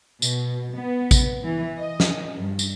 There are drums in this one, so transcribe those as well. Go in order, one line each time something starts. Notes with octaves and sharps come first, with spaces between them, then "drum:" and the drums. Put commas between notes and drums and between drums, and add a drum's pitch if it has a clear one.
B2, drum: tambourine
B3
drum: kick, tambourine
E3
D#5
drum: snare
G2
drum: tambourine